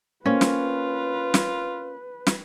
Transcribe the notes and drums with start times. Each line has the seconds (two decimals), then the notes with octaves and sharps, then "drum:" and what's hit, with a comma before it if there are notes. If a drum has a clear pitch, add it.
0.26 A#3 C4 C#4 F4 B4
0.41 drum: snare
1.34 drum: snare
2.27 drum: snare